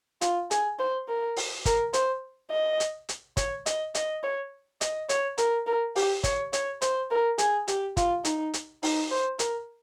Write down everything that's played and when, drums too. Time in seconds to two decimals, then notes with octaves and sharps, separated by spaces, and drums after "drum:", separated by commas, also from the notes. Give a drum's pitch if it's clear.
0.21 F4, drum: hi-hat
0.51 G#4, drum: hi-hat
0.79 C5
1.08 A#4
1.37 drum: open hi-hat
1.66 A#4, drum: kick, hi-hat
1.93 C5, drum: hi-hat
2.51 D#5
2.80 drum: hi-hat
3.09 drum: hi-hat
3.37 C#5, drum: kick, hi-hat
3.66 D#5, drum: hi-hat
3.95 D#5, drum: hi-hat
4.23 C#5
4.81 D#5, drum: hi-hat
5.09 C#5, drum: hi-hat
5.38 A#4, drum: hi-hat
5.67 A#4
5.96 G4, drum: open hi-hat
6.24 C#5, drum: kick, hi-hat
6.53 C#5, drum: hi-hat
6.82 C5, drum: hi-hat
7.11 A#4
7.38 G#4, drum: hi-hat
7.68 G4, drum: hi-hat
7.97 F4, drum: kick, hi-hat
8.25 D#4, drum: hi-hat
8.54 drum: hi-hat
8.83 D#4, drum: open hi-hat
9.11 C5
9.39 A#4, drum: hi-hat